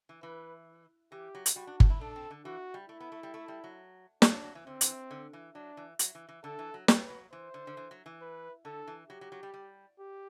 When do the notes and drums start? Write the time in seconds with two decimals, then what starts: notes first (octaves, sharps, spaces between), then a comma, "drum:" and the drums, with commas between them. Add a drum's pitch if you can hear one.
0.09 E3
0.23 E3 B4
1.12 E3 G4
1.35 F#3
1.46 drum: hi-hat
1.56 G3 F#4
1.67 D4
1.80 drum: kick G1
1.90 E4
2.01 D4 A4
2.16 C4
2.31 D3
2.45 E3 F#4
2.74 G3
2.89 A3 E4
3.00 B3
3.12 A3
3.23 G3
3.34 A3
3.48 G3
3.64 F#3
4.22 E3 D4, drum: snare
4.33 F#3
4.44 F#3
4.55 E3
4.67 D3 C4
4.81 E3, drum: hi-hat
5.11 D3
5.33 E3
5.55 F#3 D4
5.77 E3
5.99 F#3, drum: hi-hat
6.15 E3
6.29 E3
6.44 D3 A4
6.59 E3
6.74 F#3
6.88 G3 B4, drum: snare
7.10 F#3
7.32 E3 C5
7.54 D3
7.67 D3
7.77 E3
7.91 F#3
8.06 E3
8.22 B4
8.65 D3 A4
8.87 E3
9.10 F#3 G4
9.21 F#3
9.32 F#3
9.43 G3
9.54 G3
9.99 G4